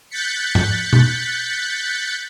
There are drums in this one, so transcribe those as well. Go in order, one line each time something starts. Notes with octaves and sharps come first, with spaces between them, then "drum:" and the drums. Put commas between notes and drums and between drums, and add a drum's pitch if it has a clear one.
F#6 G6 A6 B6 C#7
drum: tom G#2
drum: tom